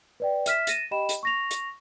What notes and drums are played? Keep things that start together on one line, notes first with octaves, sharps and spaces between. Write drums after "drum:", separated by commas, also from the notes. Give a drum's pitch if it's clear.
B4 D5 G5
E5 F6 B6 E7, drum: hi-hat
A6 A#6 D#7 E7, drum: hi-hat
G4 D#5 G5 B5 E7
drum: hi-hat
C#6 A#6 F7
drum: hi-hat